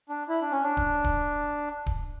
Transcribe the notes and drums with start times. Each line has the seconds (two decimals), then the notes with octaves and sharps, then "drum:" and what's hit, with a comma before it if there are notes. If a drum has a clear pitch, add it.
0.09 D4
0.29 E4
0.41 D4
0.51 C#4
0.63 D4
0.77 drum: kick D1
1.04 drum: kick D1
1.86 drum: kick D1